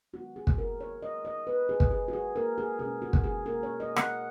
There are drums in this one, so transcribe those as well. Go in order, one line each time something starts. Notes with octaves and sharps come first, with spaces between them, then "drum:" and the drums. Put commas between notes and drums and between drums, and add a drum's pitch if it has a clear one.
D#3 G#3 B3 F#4
G#4
drum: kick
A#4
C#5
D#5
D#5
B4
G#4
drum: kick
G#4
F#4
G#4
A#4
G#4
B2 G#3 C#4 G#4
F#4
drum: kick
G#4
A#4
C#5
D#5
F#5, drum: rim click